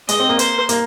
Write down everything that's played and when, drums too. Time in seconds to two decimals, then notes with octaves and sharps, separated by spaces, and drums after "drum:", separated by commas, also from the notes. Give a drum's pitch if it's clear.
0.09 G#3 D#5, drum: hi-hat
0.20 C4
0.29 A#3
0.39 C5, drum: hi-hat
0.69 A#3, drum: hi-hat